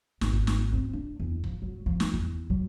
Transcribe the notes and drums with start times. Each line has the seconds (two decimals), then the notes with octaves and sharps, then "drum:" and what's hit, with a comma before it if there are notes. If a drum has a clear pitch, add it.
0.21 G#1, drum: snare
0.33 drum: kick
0.47 drum: snare
0.73 C4
0.93 D4
1.19 E2
1.44 F3, drum: kick
1.62 F#3
1.86 F3
2.00 drum: snare
2.14 E2, drum: kick
2.50 F#3